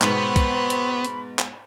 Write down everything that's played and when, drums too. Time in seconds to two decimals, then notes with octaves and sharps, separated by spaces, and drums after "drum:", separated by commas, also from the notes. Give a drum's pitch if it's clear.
0.02 G#2 B2 B3 C4 C5 C#5 B5, drum: clap
0.36 drum: kick, hi-hat
0.70 drum: hi-hat
1.05 drum: hi-hat
1.39 drum: clap